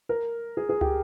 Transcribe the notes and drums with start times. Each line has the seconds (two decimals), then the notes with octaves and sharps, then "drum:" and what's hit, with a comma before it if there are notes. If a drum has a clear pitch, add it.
0.09 A#4
0.57 G#4
0.69 G#4
0.81 G4, drum: tom